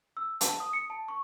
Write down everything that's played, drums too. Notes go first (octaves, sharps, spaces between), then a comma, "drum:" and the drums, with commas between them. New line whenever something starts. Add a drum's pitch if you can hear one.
E6
A5, drum: hi-hat
D#6
C#7
A5
C#6